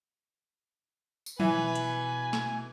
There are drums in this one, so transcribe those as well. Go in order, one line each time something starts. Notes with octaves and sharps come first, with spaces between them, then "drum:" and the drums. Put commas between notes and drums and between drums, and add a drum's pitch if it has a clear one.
drum: tambourine
B2 E3 B4 G#5, drum: tom F3
drum: hi-hat
drum: snare